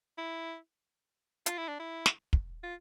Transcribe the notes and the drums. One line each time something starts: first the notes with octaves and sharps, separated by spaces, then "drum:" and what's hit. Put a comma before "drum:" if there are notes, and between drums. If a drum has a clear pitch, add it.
E4
F4, drum: hi-hat
E4
D4
E4
drum: snare
drum: kick
F4